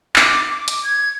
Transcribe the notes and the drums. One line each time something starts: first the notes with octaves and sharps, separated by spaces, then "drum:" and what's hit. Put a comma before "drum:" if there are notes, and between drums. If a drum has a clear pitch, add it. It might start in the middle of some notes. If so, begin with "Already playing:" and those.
D6, drum: clap
D6
drum: hi-hat
G#6